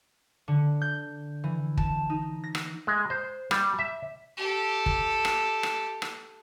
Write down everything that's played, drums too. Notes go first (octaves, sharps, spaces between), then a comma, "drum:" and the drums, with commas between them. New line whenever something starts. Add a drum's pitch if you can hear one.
D3
G6
E3
A5, drum: kick
D#4
A#6
drum: rim click
G#3
C5
G3, drum: rim click
E5
G4 A4
drum: kick
drum: rim click
drum: rim click
drum: rim click